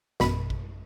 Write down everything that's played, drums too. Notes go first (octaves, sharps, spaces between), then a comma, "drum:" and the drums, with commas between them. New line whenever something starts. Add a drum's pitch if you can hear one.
A1 F#2 B2 B5, drum: snare
drum: kick